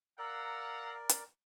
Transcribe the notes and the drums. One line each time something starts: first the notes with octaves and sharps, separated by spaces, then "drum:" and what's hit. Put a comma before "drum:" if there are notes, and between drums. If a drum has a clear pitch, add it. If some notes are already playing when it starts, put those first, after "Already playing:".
A#4 D5 F5 F#5 A#5 E6
drum: hi-hat